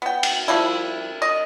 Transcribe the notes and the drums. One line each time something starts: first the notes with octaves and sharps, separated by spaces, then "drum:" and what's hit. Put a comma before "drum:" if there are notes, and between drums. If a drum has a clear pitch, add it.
B3 G5
drum: cymbal
F3 G3 E4
D#5